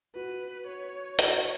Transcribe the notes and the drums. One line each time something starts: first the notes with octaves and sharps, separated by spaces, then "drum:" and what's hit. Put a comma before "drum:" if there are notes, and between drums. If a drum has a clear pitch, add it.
F#4 B4
C#5
F#4, drum: hi-hat